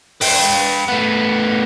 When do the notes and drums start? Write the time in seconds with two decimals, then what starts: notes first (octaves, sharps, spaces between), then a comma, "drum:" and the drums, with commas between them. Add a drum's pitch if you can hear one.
0.21 B4 G5, drum: open hi-hat
0.88 A2 B3